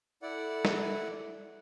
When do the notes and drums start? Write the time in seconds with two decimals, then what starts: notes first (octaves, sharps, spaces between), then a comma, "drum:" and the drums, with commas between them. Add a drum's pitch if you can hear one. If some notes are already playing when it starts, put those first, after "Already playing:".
0.22 E4 A4 D5 F#5
0.65 drum: snare